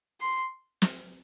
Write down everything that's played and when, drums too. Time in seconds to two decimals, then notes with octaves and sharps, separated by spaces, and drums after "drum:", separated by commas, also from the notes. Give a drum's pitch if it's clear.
0.21 C6
0.82 drum: snare